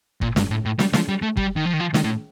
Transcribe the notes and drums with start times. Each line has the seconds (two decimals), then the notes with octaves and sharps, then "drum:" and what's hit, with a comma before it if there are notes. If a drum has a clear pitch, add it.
0.21 A#2, drum: kick
0.36 G2, drum: snare
0.50 A2
0.65 A2
0.79 G3, drum: snare
0.94 F3, drum: snare
1.09 G3
1.22 A3
1.37 G3, drum: kick
1.56 D#3
1.66 F3
1.73 D#3
1.80 F3
1.94 D#3, drum: snare
2.04 A2